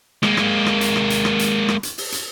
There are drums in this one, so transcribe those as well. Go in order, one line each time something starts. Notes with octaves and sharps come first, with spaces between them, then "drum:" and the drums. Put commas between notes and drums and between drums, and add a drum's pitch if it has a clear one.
G#3 A#3, drum: rim click
drum: rim click
drum: rim click
drum: hi-hat
drum: rim click
drum: hi-hat
drum: rim click
drum: hi-hat
drum: rim click
drum: hi-hat
drum: open hi-hat
drum: hi-hat